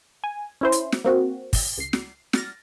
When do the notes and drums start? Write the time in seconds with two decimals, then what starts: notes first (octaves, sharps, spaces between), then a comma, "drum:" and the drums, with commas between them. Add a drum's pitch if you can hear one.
0.24 G#5
0.61 C#4 E4 C5
0.72 drum: hi-hat
0.92 drum: snare
1.05 A#3 C4 F#4
1.53 drum: kick, open hi-hat
1.78 C#2 C7
1.93 drum: snare
2.33 F6 A6 A#6, drum: snare